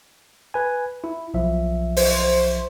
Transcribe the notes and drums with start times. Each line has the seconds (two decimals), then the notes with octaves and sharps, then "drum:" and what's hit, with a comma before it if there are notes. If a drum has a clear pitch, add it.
0.54 B4 G#5
1.04 E4
1.34 B1 F3 E5
1.97 C5, drum: open hi-hat